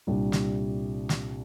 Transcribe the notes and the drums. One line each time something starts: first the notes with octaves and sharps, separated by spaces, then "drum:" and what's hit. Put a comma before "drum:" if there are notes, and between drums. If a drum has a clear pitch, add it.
C2 A#2 G3 D4 G4
drum: snare
drum: snare